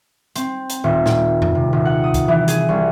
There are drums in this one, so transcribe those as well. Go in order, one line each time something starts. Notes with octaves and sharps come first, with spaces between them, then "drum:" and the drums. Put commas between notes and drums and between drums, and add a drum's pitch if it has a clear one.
C4, drum: hi-hat
drum: hi-hat
D#1
A#2, drum: snare
drum: tom F2
C3
D#1
F#5
D#6
drum: kick C2, hi-hat
E3
G#4, drum: hi-hat
C2